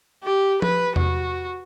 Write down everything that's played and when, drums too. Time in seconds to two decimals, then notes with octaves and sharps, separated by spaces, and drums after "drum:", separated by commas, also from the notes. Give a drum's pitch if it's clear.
0.23 G4
0.62 B4, drum: tom
0.96 F#4, drum: tom E2